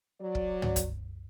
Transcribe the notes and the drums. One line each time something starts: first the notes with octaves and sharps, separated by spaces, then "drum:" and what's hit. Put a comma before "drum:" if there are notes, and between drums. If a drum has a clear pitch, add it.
F#3 D5
drum: kick
drum: tom
drum: kick, hi-hat